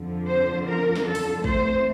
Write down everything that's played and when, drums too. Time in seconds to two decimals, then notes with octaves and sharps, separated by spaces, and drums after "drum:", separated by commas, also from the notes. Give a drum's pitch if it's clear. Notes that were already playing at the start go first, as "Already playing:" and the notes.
Already playing: F2 D3 F3
0.28 C5
0.67 A#4
0.96 drum: snare
1.06 A4
1.15 drum: open hi-hat
1.44 E2 E3 A3 C4 C5, drum: kick